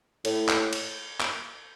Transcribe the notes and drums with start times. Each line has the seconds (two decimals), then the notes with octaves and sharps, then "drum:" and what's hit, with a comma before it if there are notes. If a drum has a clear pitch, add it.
0.25 A2, drum: cymbal
0.49 drum: clap
0.73 drum: cymbal
1.21 drum: clap